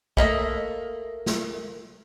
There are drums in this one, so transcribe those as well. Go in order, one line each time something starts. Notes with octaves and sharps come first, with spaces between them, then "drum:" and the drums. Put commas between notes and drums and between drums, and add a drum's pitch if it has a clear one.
A3 A#3 D#5 E5, drum: kick
drum: snare